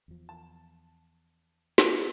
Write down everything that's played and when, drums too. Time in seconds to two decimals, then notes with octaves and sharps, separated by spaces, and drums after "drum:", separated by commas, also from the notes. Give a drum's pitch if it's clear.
0.08 E2 F3
0.29 A5
1.78 C#4, drum: snare